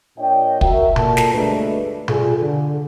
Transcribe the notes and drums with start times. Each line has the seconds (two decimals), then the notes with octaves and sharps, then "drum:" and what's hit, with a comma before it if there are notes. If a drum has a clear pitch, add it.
0.18 A#2 D4 C#5 D#5 G5
0.61 F#4 A#4 E5, drum: kick
0.96 A#2 A#3 A4 A5, drum: tom B2
1.17 drum: snare
1.33 D2 G2 G#3 A3 D4 B4
2.08 G3 F4 G#4 A4, drum: tom B2
2.41 D3